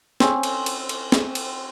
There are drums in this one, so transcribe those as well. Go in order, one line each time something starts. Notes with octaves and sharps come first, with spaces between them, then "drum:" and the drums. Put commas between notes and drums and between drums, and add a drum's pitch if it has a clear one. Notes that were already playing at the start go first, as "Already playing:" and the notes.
C4 C#4, drum: snare
drum: cymbal
drum: cymbal
drum: cymbal
drum: snare
drum: cymbal